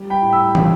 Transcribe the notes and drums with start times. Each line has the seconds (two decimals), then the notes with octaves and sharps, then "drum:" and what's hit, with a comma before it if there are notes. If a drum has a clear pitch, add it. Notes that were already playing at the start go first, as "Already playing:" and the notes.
Already playing: G3
0.10 G5 B5
0.21 A2
0.33 B5 E6
0.55 G3, drum: tom